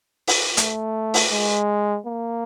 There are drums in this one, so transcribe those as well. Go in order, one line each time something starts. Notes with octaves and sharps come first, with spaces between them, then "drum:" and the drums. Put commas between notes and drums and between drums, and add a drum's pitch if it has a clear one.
drum: open hi-hat
A3, drum: hi-hat
drum: open hi-hat
G#3
A#3